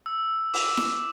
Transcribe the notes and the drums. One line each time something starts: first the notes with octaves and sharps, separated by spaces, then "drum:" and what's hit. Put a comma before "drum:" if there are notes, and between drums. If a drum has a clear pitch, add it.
E6
D6 E6 F7, drum: open hi-hat
drum: snare E4